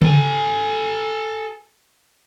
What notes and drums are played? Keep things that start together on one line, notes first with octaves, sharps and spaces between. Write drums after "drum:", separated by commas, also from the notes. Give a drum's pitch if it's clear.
A4 G#5, drum: tom C#3